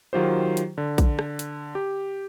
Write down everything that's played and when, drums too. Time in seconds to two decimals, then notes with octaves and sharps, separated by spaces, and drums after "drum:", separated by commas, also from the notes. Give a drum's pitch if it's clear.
0.13 D#3 F#3 F4 G4 C5
0.57 drum: hi-hat
0.78 D3
0.98 drum: kick A#1, hi-hat
1.19 drum: rim click
1.39 drum: hi-hat
1.75 G4